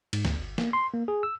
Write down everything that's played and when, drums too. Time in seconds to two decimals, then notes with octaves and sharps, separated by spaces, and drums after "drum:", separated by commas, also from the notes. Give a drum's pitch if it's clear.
0.13 G#2, drum: cymbal
0.25 D2, drum: snare
0.37 G1
0.58 A#3, drum: snare
0.73 C6
0.93 A#3
1.08 G#4
1.23 E6